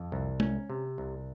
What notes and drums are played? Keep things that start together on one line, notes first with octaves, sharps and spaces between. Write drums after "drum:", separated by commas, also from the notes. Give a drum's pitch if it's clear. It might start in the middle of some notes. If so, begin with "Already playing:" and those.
Already playing: F2
C2
C#4, drum: tom G#3
C3
C2